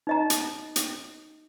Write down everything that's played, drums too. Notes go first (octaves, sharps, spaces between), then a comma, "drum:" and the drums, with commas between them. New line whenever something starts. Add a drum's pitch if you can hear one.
D#4 D#5 A#5
drum: hi-hat
drum: hi-hat